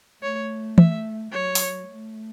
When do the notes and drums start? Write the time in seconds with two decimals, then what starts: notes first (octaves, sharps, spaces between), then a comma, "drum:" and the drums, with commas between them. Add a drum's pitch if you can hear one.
0.22 A3 C#5
0.78 E5, drum: tom
1.32 F#3 C#5
1.55 drum: open hi-hat
1.87 A3